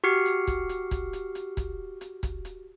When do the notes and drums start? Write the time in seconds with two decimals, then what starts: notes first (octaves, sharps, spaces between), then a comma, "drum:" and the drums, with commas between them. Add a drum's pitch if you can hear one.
0.04 F#4 G4 F6 C7 C#7
0.25 drum: hi-hat
0.47 drum: kick, hi-hat
0.69 drum: hi-hat
0.91 drum: kick, hi-hat
1.13 drum: hi-hat
1.35 drum: hi-hat
1.57 drum: kick, hi-hat
2.01 drum: hi-hat
2.23 drum: kick, hi-hat
2.45 drum: hi-hat